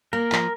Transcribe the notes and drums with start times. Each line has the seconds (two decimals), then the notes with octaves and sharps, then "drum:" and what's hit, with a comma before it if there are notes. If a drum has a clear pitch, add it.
0.13 A#3 A#4
0.32 F3, drum: clap